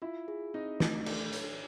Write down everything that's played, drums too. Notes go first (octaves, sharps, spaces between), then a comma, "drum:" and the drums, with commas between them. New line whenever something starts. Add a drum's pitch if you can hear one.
E4 F4 E5
G#4
C4 D#4 D#5
A3, drum: snare
D4 A4 D5, drum: cymbal
C#5, drum: hi-hat